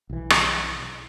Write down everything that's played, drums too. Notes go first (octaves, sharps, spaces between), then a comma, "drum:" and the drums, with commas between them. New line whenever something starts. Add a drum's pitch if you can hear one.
B1 E3
drum: rim click